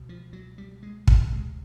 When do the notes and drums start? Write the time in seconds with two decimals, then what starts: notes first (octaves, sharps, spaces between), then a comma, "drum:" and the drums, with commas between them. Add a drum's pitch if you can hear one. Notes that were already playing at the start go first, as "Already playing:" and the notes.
Already playing: C#2 B2
0.09 F3
0.33 F#3
0.58 G3
0.83 G#3
1.08 D2 C3 A3, drum: kick
1.33 G#3